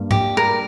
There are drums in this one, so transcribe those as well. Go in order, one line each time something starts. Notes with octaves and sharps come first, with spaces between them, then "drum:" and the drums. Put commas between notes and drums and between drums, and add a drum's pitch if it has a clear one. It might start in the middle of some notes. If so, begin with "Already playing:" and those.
Already playing: G2 A#3
G4, drum: tom G#2
A#4